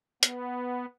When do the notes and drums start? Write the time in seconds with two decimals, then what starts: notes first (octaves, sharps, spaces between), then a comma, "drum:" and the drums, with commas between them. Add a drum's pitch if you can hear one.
0.23 B3, drum: hi-hat